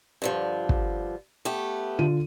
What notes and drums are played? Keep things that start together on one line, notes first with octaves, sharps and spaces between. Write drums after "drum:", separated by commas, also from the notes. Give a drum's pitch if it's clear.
G2 D3 F3
drum: kick
A3 B3 G4
D3 F4 D#7